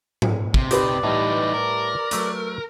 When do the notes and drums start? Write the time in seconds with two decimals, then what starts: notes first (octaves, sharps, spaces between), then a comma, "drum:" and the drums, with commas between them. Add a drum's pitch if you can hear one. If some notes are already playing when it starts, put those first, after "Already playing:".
0.22 drum: tom G#2
0.54 C3, drum: kick
0.71 D#4 G4 B4 D5, drum: hi-hat
1.03 A2 E3 G3 D#4
1.53 A#4
2.11 F#3 A3 B4, drum: hi-hat